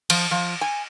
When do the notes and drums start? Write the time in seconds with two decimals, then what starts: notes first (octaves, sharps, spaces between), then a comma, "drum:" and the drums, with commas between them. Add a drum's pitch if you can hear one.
0.10 F3, drum: cymbal
0.31 F3
0.61 G#5